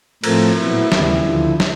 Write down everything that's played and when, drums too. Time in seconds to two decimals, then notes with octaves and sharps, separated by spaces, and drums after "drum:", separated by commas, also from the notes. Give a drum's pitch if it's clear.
0.24 A2 F3 A3 C4 A#4, drum: cymbal
0.57 A#2 F#3 B3 E4
0.92 D#2 C#3 E3 G3 E4, drum: snare
1.26 D2 D3 F3
1.60 drum: snare